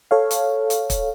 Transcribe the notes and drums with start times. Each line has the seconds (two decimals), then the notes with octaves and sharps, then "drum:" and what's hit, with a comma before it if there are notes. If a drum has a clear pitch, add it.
0.11 A4 C#5 F5
0.31 drum: hi-hat
0.70 drum: hi-hat
0.90 drum: kick, hi-hat